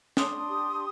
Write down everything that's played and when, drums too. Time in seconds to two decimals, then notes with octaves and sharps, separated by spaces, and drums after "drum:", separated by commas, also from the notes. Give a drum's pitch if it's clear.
0.17 D4 C6 D#6, drum: snare
0.49 G4